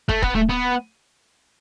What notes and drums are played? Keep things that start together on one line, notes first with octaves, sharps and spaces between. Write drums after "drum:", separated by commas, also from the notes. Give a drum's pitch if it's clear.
A3, drum: kick
B3, drum: kick
A3
B3